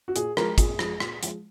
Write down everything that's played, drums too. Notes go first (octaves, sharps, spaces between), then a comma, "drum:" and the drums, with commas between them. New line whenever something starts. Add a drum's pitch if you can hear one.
F#4
A#2 G#4, drum: hi-hat
F3 G#3 A#4, drum: rim click
A#2 G#4, drum: kick, hi-hat
F3 G#3, drum: rim click
A#2, drum: rim click
F3 G#3, drum: hi-hat